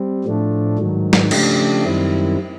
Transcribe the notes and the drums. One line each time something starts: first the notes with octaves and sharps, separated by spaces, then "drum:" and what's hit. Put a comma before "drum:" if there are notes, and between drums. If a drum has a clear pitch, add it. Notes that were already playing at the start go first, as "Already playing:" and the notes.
Already playing: G3 C4
A2 F3 A3 D4
G#2 D#3 F#3
drum: snare
C#3 F3 A3 D4 G4, drum: cymbal
F#2 D#3 G3 C4 E4